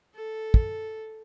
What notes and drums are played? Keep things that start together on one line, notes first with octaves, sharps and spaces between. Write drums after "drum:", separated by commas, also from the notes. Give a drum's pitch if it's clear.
A4
drum: kick